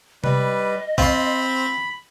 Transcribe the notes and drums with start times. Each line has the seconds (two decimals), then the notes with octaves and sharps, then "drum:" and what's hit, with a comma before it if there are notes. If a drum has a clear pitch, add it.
0.24 G3 B4 D#5, drum: tom C3
0.98 C4 F4 B5 C6, drum: kick A#1